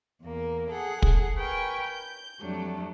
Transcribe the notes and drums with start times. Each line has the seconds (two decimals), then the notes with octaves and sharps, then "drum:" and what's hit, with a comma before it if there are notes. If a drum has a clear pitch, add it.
0.21 E2 A#3
0.70 G#4 A4 F#5
1.02 drum: kick
1.37 A#4 B4 G5 G#5 C#6
1.86 G6
2.39 F2 F#3 G3 A3 D4